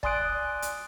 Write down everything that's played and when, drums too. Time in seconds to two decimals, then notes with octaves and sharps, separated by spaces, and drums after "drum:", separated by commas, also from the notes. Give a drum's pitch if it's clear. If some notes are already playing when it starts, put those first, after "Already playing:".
0.03 D5 G#5 C6 D#6 F#6 D7, drum: kick
0.62 drum: hi-hat